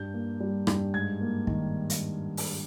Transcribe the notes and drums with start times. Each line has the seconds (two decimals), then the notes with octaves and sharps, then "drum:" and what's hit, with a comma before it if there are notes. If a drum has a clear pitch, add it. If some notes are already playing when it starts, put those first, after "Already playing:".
Already playing: G2 G6
0.14 A#3
0.40 G3
0.67 G2, drum: rim click
0.94 G#2 G#6
1.21 A#3
1.47 D#3, drum: kick
1.90 drum: hi-hat
2.37 drum: open hi-hat